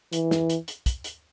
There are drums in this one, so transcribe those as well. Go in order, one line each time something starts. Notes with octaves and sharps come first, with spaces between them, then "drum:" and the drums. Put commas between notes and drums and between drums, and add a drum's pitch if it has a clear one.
E3, drum: hi-hat
drum: snare
drum: hi-hat
drum: hi-hat
drum: kick, hi-hat
drum: hi-hat